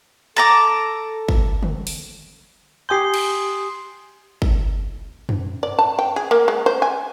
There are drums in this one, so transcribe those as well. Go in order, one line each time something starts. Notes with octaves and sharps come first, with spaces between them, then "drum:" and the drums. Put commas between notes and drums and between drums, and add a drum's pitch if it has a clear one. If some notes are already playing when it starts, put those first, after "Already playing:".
A4 A5 A#5 D6
drum: kick
drum: tom D3
drum: open hi-hat
G4 G#5 C6 D#6 G6 C7
drum: cymbal
drum: kick
drum: tom F#2
D5
A5
G5
G#4
A#3
G#3
C5
G#5